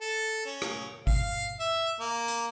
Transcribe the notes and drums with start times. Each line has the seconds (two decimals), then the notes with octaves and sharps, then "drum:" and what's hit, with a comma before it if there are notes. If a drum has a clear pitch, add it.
0.01 A4
0.46 C#4
0.62 drum: rim click
1.07 F5, drum: kick G#1
1.60 E5
2.00 A#3
2.28 drum: hi-hat